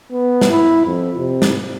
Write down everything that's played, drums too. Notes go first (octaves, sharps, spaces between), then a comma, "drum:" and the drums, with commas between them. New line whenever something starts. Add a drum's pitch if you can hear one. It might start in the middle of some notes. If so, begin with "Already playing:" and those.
B3
drum: snare
E4
F2
C3
drum: snare